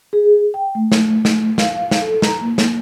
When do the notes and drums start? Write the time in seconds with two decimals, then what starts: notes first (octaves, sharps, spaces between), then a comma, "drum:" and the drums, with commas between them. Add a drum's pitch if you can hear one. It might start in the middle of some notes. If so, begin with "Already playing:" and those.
0.13 G#4
0.54 G5
0.75 A3
0.92 drum: snare
1.25 drum: snare
1.58 F5, drum: snare
1.91 drum: snare
2.02 A4
2.22 A#5, drum: snare
2.41 A#3
2.58 drum: snare